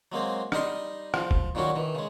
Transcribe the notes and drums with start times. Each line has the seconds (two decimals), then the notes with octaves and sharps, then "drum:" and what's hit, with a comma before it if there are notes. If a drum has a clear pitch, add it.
0.12 F#3 G#3 A#3 C4
0.52 G3 D#4 D#5 C6, drum: rim click
1.14 F3, drum: rim click
1.31 drum: kick
1.55 A#2 D#3 F#3 G3 C#4 F#4
1.75 D#3 E3
1.95 C#3 G#3